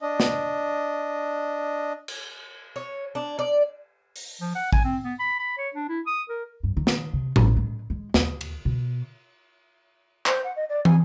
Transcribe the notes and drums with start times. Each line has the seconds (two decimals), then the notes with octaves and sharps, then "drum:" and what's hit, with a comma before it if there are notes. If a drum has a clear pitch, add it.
0.01 D4 D#5
0.20 drum: snare
2.08 drum: cymbal
2.76 C#5
3.15 D4
3.39 D5
4.16 drum: open hi-hat
4.41 F3
4.55 F#5
4.73 G#5, drum: kick A1
4.84 C4
5.04 B3
5.20 B5
5.39 B5
5.58 C#5
5.74 D4
5.89 E4
6.07 D#6
6.29 A#4
6.63 G2
6.77 D#3
6.87 drum: snare
7.13 C3
7.36 A1, drum: tom A2
7.56 G#3
7.90 G#3
8.14 D#2, drum: snare
8.41 drum: cymbal
8.65 B2
10.26 C5, drum: clap
10.43 F#5
10.56 D#5
10.69 D5
10.85 G#5, drum: tom